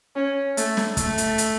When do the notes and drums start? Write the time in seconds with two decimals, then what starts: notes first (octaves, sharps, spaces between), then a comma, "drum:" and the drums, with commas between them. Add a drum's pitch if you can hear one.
0.16 C#4
0.57 A3, drum: hi-hat
0.77 drum: snare
0.97 A3, drum: kick, hi-hat
1.18 drum: hi-hat
1.38 drum: hi-hat